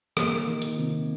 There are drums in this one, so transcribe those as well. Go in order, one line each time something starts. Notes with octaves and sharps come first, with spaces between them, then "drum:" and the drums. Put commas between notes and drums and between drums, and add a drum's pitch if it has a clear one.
A#3, drum: rim click
D#3
drum: hi-hat
C3